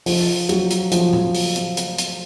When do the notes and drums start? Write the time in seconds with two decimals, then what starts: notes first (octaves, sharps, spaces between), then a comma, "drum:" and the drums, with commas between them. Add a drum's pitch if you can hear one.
0.06 F3, drum: open hi-hat
0.49 F#3, drum: hi-hat
0.70 drum: hi-hat
0.91 F3, drum: hi-hat
1.13 drum: tom
1.34 drum: open hi-hat
1.56 drum: hi-hat
1.77 drum: hi-hat
1.98 drum: hi-hat